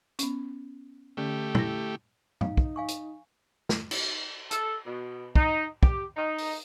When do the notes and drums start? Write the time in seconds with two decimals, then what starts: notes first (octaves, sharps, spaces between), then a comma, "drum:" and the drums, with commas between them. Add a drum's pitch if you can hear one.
0.19 B3 C#4, drum: hi-hat
1.17 D3 A3 C#4 G4
1.55 E4 A#6, drum: tom
2.41 D#4 F5, drum: tom G#2
2.57 drum: kick
2.76 F5 G#5 C#6
2.88 drum: hi-hat
3.69 drum: snare
3.91 drum: cymbal
4.51 A4, drum: hi-hat
4.86 B2
5.35 D#4, drum: kick
5.83 G4, drum: kick
6.17 D#4
6.38 drum: open hi-hat